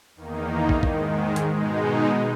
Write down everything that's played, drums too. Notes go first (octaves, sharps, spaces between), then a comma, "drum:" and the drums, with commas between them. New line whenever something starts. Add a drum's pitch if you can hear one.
E2 D#3 A#3 D#4
drum: kick
G#2 D#3 G#3, drum: kick
drum: hi-hat
B2 G#3 D#4